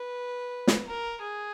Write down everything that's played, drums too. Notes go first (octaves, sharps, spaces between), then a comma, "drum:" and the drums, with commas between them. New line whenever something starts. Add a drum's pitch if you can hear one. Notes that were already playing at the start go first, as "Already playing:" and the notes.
Already playing: B4
drum: snare
A#4
G#4